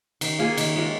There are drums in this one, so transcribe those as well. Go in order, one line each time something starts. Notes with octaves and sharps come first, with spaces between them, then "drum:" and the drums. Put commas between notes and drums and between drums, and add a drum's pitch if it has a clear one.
D#3, drum: cymbal
A#3 F4 G#4
D#3, drum: cymbal
G#3 F4 A#4